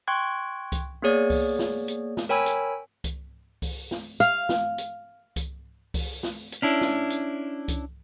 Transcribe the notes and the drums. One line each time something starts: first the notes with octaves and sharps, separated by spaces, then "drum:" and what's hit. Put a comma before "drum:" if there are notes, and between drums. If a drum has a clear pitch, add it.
G5 C6 C#6 F#6 G#6
drum: kick C2, hi-hat
A#3 B3 G#4 C#5 D5
drum: kick C2, open hi-hat
drum: snare
drum: hi-hat
drum: snare
A#4 C#5 G5 G#5 B5 E6
drum: hi-hat
drum: kick C2, hi-hat
drum: kick C2, open hi-hat
drum: snare
F5, drum: hi-hat
drum: snare
drum: hi-hat
drum: kick C2, hi-hat
drum: kick C2, open hi-hat
drum: snare
drum: hi-hat
C#4 D4 E4
drum: snare
drum: hi-hat
drum: kick C2, hi-hat